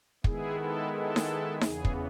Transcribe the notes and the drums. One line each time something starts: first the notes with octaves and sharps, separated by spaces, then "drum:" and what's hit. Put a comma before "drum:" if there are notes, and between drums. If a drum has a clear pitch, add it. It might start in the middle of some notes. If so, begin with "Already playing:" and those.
D#3 G#3 B3 E4 G#4, drum: kick
A4
A4
drum: snare D#4
E2 C#3 E3 B3 G#4, drum: snare D#4
drum: kick